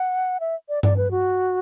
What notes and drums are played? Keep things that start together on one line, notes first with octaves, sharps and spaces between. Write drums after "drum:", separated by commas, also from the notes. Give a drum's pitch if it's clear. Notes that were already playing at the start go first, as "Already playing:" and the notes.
Already playing: F#5
E5
D5
D5, drum: tom G2
B4
F#4